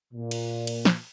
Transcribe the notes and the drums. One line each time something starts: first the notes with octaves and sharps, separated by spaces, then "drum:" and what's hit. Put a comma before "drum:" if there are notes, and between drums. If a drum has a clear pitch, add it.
A#2
drum: cymbal
drum: cymbal
drum: snare